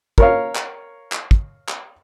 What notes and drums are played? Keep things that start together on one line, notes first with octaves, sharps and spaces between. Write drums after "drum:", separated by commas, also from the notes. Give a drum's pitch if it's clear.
A#4 C#5 F5, drum: kick
drum: clap
drum: clap
drum: kick
drum: clap